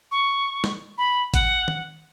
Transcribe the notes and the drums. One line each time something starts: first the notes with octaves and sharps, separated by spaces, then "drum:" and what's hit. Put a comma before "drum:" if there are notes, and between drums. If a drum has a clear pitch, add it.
C#6
drum: snare
B5
F#5, drum: kick G#1, hi-hat
drum: tom D#3